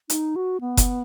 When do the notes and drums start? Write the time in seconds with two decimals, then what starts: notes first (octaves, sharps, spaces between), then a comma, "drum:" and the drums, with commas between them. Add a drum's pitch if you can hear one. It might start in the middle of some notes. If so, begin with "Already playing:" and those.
0.10 D#4, drum: hi-hat
0.36 F#4
0.61 B3
0.77 drum: kick F#1, hi-hat